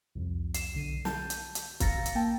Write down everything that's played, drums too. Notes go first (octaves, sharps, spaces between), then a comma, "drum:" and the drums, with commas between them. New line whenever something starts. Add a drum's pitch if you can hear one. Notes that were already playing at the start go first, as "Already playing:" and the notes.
C2 F2
C7 E7, drum: hi-hat
B1 D3 C7 D#7
A5 G6, drum: snare
drum: hi-hat
drum: hi-hat
F5 A#5 E6 A6 A#6 C#7, drum: kick, hi-hat
drum: hi-hat
A#3 G5 A5